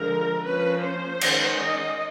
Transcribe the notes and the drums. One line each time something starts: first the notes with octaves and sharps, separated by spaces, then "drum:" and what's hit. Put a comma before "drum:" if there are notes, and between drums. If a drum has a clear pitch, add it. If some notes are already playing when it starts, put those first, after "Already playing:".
Already playing: D3 F3 G#3 A#4
F3 A#3 C#4 B4
C5
D#3 G#3 C#4, drum: cymbal
D#5